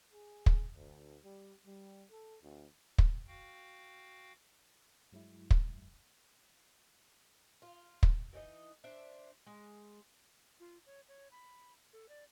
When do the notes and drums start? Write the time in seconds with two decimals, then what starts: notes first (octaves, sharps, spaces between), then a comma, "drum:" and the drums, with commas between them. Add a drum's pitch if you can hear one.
0.12 G#4
0.46 drum: kick
0.75 D2
1.22 G3
1.65 G3
2.10 A4
2.41 D2
2.98 drum: kick
3.27 F#4 F5 G5
5.12 G2 F#3 G#3 E4
5.51 drum: kick
7.62 F4
8.03 drum: kick
8.33 E3 D#4 C#5 D#5
8.84 D4 C5 E5
9.46 G#3
10.60 F4
10.86 C#5
11.09 C#5
11.32 B5
11.93 A4
12.09 D5